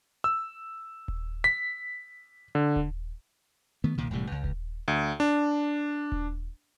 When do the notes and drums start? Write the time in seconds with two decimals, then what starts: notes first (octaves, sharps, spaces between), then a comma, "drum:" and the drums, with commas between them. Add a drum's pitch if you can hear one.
0.24 E6
1.08 drum: kick D#1
1.44 B6
2.55 D3
2.76 drum: kick D#1
3.84 D#3 A3 B3
3.98 C2 A#2 D#3
4.10 E1 A2 C3 G3
4.32 C#2
4.44 drum: kick D#1
4.88 D2
5.20 D4
6.12 drum: kick D#1